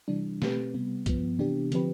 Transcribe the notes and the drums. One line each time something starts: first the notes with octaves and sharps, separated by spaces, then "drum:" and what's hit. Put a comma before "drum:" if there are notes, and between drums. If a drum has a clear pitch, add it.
C3 E3 G3 D4
B2 A3 C4 G4 B4, drum: snare
C3 G3 B3
G2 F3 B3, drum: kick, hi-hat
C3 E3 B3 D4 G4
D3 F3 C4 G4 B4, drum: hi-hat